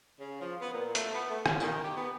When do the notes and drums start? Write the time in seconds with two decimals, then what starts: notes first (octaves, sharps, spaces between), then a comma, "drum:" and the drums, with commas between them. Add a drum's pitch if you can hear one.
0.20 C#3
0.41 F3
0.61 B3
0.73 A#2
0.95 A3, drum: hi-hat
1.14 B3
1.31 A3
1.46 C#4, drum: rim click
1.60 D#3, drum: tambourine
1.84 G4
1.96 B3